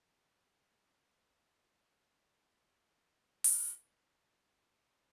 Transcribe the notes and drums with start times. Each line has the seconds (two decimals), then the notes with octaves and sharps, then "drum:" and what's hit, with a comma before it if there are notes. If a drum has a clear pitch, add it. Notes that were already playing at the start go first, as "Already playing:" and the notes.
0.11 B2 A3
2.76 F#2 A#3 A#5
3.44 drum: open hi-hat